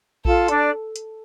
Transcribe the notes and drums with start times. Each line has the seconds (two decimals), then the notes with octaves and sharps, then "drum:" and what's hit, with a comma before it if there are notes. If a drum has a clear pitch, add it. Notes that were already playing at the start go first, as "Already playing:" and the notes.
0.25 F4 A4, drum: kick A#1
0.48 D4 D5, drum: hi-hat
0.96 drum: hi-hat